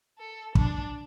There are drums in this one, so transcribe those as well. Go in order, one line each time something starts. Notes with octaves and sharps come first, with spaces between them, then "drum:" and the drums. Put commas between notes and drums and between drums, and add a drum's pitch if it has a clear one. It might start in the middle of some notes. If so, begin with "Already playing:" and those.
A4
D4, drum: kick